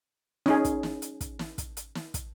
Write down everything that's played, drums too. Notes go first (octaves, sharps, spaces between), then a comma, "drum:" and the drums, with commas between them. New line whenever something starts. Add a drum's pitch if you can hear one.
C#4 D#4 G#4, drum: snare
drum: kick, hi-hat
drum: snare
drum: hi-hat
drum: kick, hi-hat
drum: snare
drum: kick, hi-hat
drum: hi-hat
drum: snare
drum: kick, hi-hat